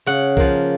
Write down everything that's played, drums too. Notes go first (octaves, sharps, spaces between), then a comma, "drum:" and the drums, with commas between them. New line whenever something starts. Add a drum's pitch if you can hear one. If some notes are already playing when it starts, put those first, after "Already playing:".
C#3 F#5
F3 A#3, drum: kick